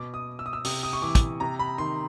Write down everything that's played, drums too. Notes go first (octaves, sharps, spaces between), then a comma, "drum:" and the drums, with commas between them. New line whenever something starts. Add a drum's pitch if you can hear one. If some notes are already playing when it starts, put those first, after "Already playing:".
Already playing: B2 D6
D#6
E6
D#6
E6
C3 D#6, drum: open hi-hat
D#6
C#6
E3 D6
drum: kick, hi-hat
C3 A#5
B5
D#3 C6